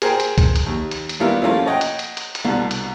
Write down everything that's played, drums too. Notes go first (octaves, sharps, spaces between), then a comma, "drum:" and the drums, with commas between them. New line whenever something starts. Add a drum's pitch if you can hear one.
G#4 A#4 C5 G5 A#5, drum: hi-hat
drum: hi-hat
drum: kick, hi-hat
drum: hi-hat
D#2
drum: hi-hat
drum: hi-hat
D#2 G3 B3 E4 F4 A#4
F3 A3 A#3 C#4 E4
C#5 D#5 F#5 G5
drum: hi-hat
drum: hi-hat
drum: hi-hat
drum: hi-hat
C2 B2 D3
drum: hi-hat